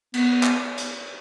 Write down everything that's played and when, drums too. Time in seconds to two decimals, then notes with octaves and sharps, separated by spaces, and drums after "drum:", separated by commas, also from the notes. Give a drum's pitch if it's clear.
0.14 B3, drum: cymbal
0.43 drum: clap
0.78 drum: hi-hat